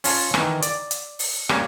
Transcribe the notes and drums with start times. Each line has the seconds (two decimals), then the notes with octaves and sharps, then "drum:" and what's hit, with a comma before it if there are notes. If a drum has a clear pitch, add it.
0.04 C#4 F4 A5, drum: open hi-hat
0.34 D#3 E3, drum: rim click
0.62 D5, drum: hi-hat
0.91 drum: hi-hat
1.19 drum: open hi-hat
1.49 G3 A#3 C#4, drum: rim click